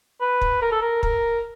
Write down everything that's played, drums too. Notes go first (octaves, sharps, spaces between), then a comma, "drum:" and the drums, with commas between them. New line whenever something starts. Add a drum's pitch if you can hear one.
B4
drum: kick
A#4
A4
A#4
A#4, drum: kick